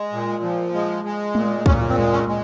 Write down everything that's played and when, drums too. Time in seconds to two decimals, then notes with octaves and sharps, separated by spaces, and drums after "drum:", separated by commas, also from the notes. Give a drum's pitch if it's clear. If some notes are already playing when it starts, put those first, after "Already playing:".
Already playing: G#3
0.13 A#2
0.43 F3
0.74 G#3
1.05 G#3
1.35 A#2, drum: tom G#3
1.66 A#2 C#4, drum: kick
1.89 C4
1.97 G#3
2.12 C#4
2.28 G#3